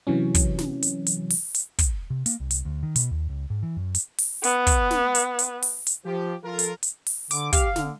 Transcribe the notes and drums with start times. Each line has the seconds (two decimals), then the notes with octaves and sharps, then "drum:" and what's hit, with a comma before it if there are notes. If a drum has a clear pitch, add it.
0.07 C3 E3 F#3 C#4
0.35 drum: kick, hi-hat
0.59 drum: snare
0.83 drum: hi-hat
1.07 drum: hi-hat
1.31 drum: open hi-hat
1.55 drum: hi-hat
1.79 drum: kick, hi-hat
2.10 C3
2.26 A#3, drum: hi-hat
2.40 C2
2.51 drum: hi-hat
2.65 D2
2.83 D#3
2.96 B2, drum: hi-hat
3.11 D#2
3.29 C#2
3.50 G#2
3.63 E3
3.77 F#2
3.95 drum: hi-hat
4.19 drum: open hi-hat
4.44 B3, drum: hi-hat
4.67 drum: kick, hi-hat
4.91 drum: snare
5.15 drum: hi-hat
5.39 drum: hi-hat
5.63 drum: open hi-hat
5.87 drum: hi-hat
6.05 F3 G4
6.43 F3 F4 A4 A#4
6.59 drum: hi-hat
6.83 drum: hi-hat
7.07 drum: open hi-hat
7.31 D3 D6, drum: hi-hat
7.53 G4 F5, drum: kick, hi-hat
7.76 D3, drum: snare